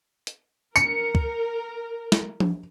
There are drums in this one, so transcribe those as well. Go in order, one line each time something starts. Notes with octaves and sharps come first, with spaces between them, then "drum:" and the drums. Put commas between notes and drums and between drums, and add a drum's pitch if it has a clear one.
drum: hi-hat
A#4 C#7, drum: tambourine
drum: kick
drum: snare
drum: tom F3